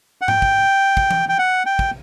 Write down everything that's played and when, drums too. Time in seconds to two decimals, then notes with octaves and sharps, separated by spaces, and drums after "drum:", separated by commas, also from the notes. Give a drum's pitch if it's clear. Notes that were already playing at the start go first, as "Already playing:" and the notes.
0.21 F#5
0.28 G5, drum: tom G#2
0.42 drum: kick
0.97 drum: kick
1.11 drum: tom E3
1.29 G5
1.38 F#5
1.66 G5
1.79 drum: kick